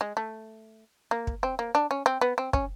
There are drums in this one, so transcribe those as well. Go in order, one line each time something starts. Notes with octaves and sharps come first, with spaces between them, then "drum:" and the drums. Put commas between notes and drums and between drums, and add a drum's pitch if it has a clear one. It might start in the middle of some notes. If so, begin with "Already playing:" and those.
G#3
A3
A#3
drum: kick
C4
A#3
D4
C#4
C4
B3
C4
C#4, drum: kick